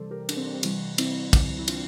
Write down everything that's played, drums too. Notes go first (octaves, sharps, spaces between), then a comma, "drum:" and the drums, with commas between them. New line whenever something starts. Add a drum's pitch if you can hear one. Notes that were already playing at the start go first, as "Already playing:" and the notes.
Already playing: C3 E3 G3 A4 C5 D5
G4 A#4
D4, drum: cymbal
C4
D4
C4
C3 E3 G3, drum: cymbal
C4 E4, drum: cymbal
drum: kick, cymbal
E4
D4 F4, drum: cymbal